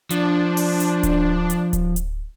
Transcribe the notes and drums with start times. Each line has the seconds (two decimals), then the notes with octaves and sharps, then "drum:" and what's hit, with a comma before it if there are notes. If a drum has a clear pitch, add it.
0.10 F3 D4, drum: hi-hat
0.57 drum: open hi-hat
0.80 drum: hi-hat
1.03 drum: kick D1, hi-hat
1.50 drum: hi-hat
1.73 drum: kick D1, hi-hat
1.96 drum: hi-hat